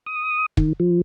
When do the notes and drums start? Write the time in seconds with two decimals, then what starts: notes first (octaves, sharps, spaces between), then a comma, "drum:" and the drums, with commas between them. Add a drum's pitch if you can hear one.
0.06 D#6
0.57 D#3, drum: kick
0.80 F3